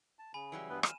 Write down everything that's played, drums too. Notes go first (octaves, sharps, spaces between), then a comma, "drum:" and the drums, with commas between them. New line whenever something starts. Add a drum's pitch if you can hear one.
A5
C#3 G#5 B5
E3 F#3 G3
G2 B3 B4
F6 D#7 E7, drum: rim click